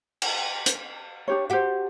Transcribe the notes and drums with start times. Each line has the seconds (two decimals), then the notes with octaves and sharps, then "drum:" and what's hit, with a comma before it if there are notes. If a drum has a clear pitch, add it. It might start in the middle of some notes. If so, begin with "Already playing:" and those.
0.22 drum: cymbal
0.66 drum: hi-hat
1.28 D4 G4 C#5
1.50 F#4 G4 C5 F#5